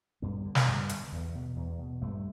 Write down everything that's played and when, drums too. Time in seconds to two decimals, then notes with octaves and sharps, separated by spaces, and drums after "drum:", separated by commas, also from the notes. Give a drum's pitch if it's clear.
0.22 G2 B3
0.45 D3
0.55 drum: snare
0.68 G2
0.89 D3, drum: hi-hat
1.12 E2
1.35 B2
1.56 E2
1.79 B2
2.02 G2 A3